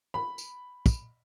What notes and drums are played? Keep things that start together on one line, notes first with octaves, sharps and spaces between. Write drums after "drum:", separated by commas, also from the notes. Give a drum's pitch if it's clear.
B5
drum: tambourine
drum: kick, tambourine